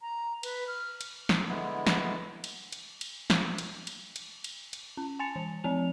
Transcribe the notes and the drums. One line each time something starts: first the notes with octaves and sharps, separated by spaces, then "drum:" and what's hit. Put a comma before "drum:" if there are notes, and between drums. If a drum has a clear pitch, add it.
A#5
B4, drum: cymbal
F6
drum: cymbal
drum: snare
D3 G#3 B3 E4
drum: snare
drum: cymbal
drum: cymbal
drum: cymbal
drum: snare
drum: cymbal
drum: cymbal
drum: cymbal
drum: cymbal
drum: cymbal
C#4
G#5 A5 A6 C#7 F7
E3
F3 C4 F7